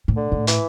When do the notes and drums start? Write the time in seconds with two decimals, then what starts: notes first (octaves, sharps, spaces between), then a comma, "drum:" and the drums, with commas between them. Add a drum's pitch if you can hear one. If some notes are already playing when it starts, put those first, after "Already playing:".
0.08 A2
0.16 D3
0.32 A2
0.47 E3, drum: hi-hat